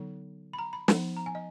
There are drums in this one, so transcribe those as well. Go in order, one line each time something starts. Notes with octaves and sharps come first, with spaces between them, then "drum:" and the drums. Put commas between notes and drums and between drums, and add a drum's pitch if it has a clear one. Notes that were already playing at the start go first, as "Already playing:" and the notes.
Already playing: D3 F#3 B3 D#4
B5
A#5
B5
F3 B3 D#4, drum: snare
A#5
G#5
D#5